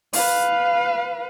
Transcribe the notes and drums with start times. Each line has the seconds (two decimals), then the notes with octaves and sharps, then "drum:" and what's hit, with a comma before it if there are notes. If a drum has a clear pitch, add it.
0.13 B4 F5, drum: open hi-hat